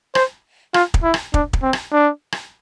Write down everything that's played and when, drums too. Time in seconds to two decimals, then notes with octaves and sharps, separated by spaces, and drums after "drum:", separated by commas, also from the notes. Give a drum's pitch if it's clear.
0.15 C5, drum: rim click
0.74 F4, drum: rim click
0.94 drum: kick
1.03 E4
1.14 drum: rim click
1.34 D4, drum: kick
1.53 drum: kick
1.63 C4
1.73 drum: rim click
1.92 D4
2.32 drum: rim click